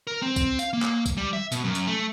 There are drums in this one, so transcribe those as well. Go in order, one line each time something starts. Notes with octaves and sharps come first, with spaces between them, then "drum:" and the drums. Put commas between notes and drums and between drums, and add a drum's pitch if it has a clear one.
A#4
C4
drum: kick B1, tambourine
F5, drum: tambourine
A#3
drum: clap
drum: kick B1, tambourine
G3
E5
B2, drum: tambourine
F#2
drum: tambourine
A3